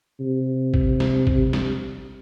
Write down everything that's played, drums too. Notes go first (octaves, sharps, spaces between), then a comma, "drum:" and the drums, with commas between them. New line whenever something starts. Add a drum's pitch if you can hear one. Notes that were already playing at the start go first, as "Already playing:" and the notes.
C3
drum: kick
drum: snare
drum: kick
drum: snare